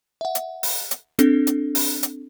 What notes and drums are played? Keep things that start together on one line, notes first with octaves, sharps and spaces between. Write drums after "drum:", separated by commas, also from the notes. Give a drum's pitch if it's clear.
E5 F#5
drum: hi-hat
drum: open hi-hat
drum: hi-hat
C4 D4 A4, drum: hi-hat
drum: hi-hat
drum: open hi-hat
drum: hi-hat